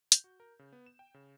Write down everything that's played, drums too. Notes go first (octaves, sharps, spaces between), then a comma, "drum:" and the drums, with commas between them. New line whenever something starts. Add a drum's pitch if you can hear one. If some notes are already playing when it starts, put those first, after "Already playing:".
G6, drum: hi-hat
F#4
A#4
C#3
B3
E7
G5
C#3